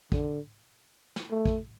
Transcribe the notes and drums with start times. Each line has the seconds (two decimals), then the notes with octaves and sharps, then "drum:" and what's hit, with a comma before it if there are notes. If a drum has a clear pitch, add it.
0.12 D3, drum: kick
1.16 drum: snare
1.31 A3
1.45 drum: kick